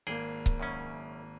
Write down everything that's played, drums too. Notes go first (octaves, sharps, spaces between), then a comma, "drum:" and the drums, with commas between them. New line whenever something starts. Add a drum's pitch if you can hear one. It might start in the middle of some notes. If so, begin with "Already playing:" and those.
G#1 A#3 G#4 G5
drum: kick C#1
F#2 C#3 C#4